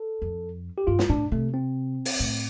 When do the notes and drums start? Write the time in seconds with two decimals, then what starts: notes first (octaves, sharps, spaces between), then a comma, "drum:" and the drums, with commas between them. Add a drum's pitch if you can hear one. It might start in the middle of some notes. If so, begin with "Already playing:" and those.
Already playing: A4
0.22 F2
0.78 G4
0.87 G2 F4
0.99 drum: snare
1.09 A2 D4
1.32 C3 A3
1.54 C4
2.05 drum: open hi-hat
2.20 A2